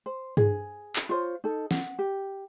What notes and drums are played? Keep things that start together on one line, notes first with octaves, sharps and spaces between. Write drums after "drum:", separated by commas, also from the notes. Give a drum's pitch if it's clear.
C5
G#4, drum: tom G2
drum: clap
F4 C5 C#5
D#4 A4
F#5, drum: snare
G4